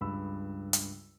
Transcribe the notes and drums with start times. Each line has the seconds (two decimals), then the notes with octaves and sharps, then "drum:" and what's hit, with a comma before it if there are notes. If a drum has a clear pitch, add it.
0.01 C#2 G2 B5 E6
0.73 drum: hi-hat